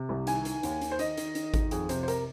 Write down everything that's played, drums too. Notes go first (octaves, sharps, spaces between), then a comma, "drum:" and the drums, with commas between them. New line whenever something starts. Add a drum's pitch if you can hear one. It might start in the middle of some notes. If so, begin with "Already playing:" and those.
Already playing: C3
C2
D#3 G#5, drum: hi-hat
D#3, drum: hi-hat
D#2, drum: hi-hat
D#3, drum: hi-hat
C5
D#3 D#5, drum: hi-hat
D#3, drum: hi-hat
D#3, drum: hi-hat
D#3, drum: kick G#1, hi-hat
F2 G#4, drum: hi-hat
C3 C5, drum: hi-hat
C5
A#4, drum: hi-hat